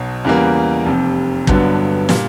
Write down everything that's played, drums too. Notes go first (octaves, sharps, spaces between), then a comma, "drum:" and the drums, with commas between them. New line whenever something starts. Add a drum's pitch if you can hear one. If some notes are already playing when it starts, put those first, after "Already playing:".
Already playing: B1 B2 F#3
E2 C#3 E3 G3 A#3
F1 F2 C3
G1 G2 D3 F#3 B3, drum: kick
A#2 G3, drum: snare